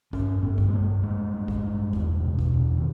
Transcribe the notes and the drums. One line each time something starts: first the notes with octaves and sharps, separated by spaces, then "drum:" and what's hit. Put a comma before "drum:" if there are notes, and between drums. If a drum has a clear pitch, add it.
G2 C#4, drum: kick
G2 B3
drum: kick
G#3
G2 A#3
G2 G#3
G2
drum: kick
G2
E2, drum: kick
B2
drum: kick
E2
D#3